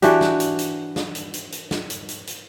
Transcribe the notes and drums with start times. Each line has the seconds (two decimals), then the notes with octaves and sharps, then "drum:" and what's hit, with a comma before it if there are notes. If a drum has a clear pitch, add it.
0.02 E3 D4 F#4 G4, drum: hi-hat
0.21 drum: snare
0.40 drum: hi-hat
0.59 drum: hi-hat
0.96 drum: snare
1.15 drum: hi-hat
1.34 drum: hi-hat
1.52 drum: hi-hat
1.71 drum: snare
1.90 drum: hi-hat
2.09 drum: hi-hat
2.27 drum: hi-hat